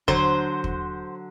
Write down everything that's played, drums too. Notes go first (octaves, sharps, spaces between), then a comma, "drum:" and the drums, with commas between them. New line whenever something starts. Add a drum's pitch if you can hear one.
D3 F#3 C5, drum: kick
drum: kick